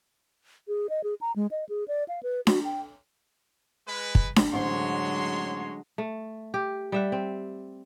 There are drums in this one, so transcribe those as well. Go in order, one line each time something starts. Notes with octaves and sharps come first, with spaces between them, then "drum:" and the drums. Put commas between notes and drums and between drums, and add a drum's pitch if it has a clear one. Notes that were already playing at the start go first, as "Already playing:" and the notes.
G#4
D#5
G#4
A#5
G#3
D#5
G#4
D5
F5
B4
F#4, drum: snare D4
G5
G#3 B4
drum: kick
drum: snare D4
A1 D3 F#3 G#3 C5 C#5 C6
A3
G4
G3 E5 F#5
C4